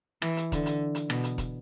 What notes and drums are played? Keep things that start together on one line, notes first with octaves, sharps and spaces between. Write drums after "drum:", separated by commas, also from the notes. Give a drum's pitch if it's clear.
E3, drum: rim click
drum: hi-hat
D3, drum: kick E1, hi-hat
drum: hi-hat
drum: hi-hat
B2, drum: rim click
drum: hi-hat
drum: kick E1, hi-hat